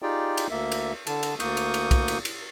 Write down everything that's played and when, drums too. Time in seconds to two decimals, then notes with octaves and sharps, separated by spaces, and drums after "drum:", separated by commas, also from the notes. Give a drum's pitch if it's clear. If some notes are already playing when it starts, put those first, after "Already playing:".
0.02 D#4 F4 G4 G#4 D5 G5
0.38 drum: cymbal
0.51 D2 A#3 E5
0.72 drum: cymbal
1.07 D3 A5, drum: cymbal
1.23 drum: cymbal
1.40 D2 A#3 C#6 D#6 G6, drum: cymbal
1.57 drum: cymbal
1.74 drum: cymbal
1.91 drum: kick B1, cymbal
2.08 drum: cymbal
2.25 drum: cymbal